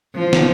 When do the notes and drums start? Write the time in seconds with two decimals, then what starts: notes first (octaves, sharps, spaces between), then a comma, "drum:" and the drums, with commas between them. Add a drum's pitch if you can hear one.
0.15 F3
0.33 drum: snare